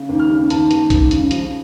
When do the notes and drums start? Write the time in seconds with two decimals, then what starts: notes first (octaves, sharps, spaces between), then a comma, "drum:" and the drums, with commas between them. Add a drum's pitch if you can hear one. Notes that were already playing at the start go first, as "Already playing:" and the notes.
Already playing: C#3
0.09 D#2
0.19 F6
0.30 C#3
0.50 D#2 A5, drum: hi-hat
0.71 D#2, drum: hi-hat
0.90 D#2, drum: kick B1, hi-hat
1.11 C#3, drum: hi-hat
1.31 F3, drum: hi-hat